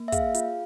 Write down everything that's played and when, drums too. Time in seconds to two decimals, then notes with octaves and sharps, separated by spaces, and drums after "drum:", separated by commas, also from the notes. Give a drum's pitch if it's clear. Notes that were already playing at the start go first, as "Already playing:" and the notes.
Already playing: A#3
0.08 E5
0.12 G#4 F5, drum: kick, hi-hat
0.34 F4, drum: hi-hat